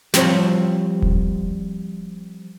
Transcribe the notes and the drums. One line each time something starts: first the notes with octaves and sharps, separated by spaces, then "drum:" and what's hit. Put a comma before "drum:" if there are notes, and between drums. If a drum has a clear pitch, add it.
F3 G3 C4 C5 C#5, drum: snare
drum: kick D#1